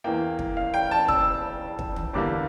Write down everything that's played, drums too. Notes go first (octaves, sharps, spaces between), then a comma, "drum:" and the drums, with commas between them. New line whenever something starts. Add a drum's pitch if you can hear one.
E2 E3 A#3 G5
drum: kick
F5
G5
A5
E6, drum: kick
drum: kick
drum: tom
E2 D3 G3 A#3 D6